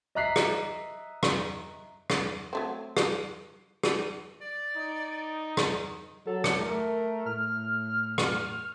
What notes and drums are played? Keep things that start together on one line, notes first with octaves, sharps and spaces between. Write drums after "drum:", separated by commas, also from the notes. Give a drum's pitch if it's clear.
D#5 E5 A#5 F#6 B6 C7
drum: rim click
drum: rim click
drum: rim click
F#3 A3 C4
drum: rim click
drum: rim click
D5
D#4
drum: rim click
F#3 A4
drum: rim click
A3 A#4
A2 F6
drum: rim click